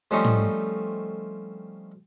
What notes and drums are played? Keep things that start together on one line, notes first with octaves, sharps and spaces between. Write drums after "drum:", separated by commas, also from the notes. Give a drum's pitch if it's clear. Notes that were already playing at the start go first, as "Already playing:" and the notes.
F3 G3 A3 C4 C#4 D#4
drum: tom